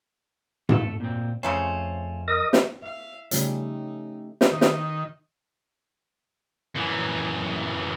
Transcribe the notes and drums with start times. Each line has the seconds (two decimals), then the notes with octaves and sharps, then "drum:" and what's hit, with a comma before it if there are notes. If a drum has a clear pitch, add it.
0.69 A3 A4, drum: tom G#2
1.00 A#2 C4
1.43 F2 C#3 A3 C#4 F4 C5
2.28 A#4 D#5 D#6
2.53 drum: snare
2.82 E5 F5
3.31 C#3 F3 G3 A3 C#4 D#4 G4, drum: hi-hat
4.41 drum: snare
4.52 D#3
4.61 drum: snare
6.75 F#2 E3